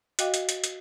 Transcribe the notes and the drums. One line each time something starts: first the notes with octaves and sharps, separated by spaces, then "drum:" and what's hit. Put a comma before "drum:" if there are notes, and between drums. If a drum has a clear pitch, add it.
F#4 D#5 F5 G5 D6, drum: hi-hat
drum: hi-hat
drum: hi-hat
drum: hi-hat